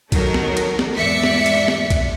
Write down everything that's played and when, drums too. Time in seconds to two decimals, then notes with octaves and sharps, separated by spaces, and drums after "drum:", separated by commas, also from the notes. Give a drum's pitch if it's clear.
0.12 D#3 F#3 D#4 A4 A#4, drum: kick, cymbal
0.34 drum: snare
0.57 drum: cymbal
0.79 drum: snare
0.96 E2 G#2 D5 E5 B6 C#7
1.24 drum: snare
1.46 drum: cymbal
1.68 drum: snare
1.90 drum: kick, cymbal